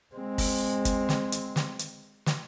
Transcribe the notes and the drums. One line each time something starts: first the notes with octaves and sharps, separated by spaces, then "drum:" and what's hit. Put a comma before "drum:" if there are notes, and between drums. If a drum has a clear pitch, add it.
G#3 C4
drum: kick, open hi-hat
drum: kick, hi-hat
drum: snare
drum: hi-hat
drum: snare
drum: hi-hat
drum: snare